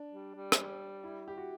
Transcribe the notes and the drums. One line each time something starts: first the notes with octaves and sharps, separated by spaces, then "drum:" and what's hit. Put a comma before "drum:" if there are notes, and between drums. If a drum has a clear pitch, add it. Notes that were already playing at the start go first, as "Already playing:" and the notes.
Already playing: D4
G3
G3
drum: rim click
E4
G4
F#4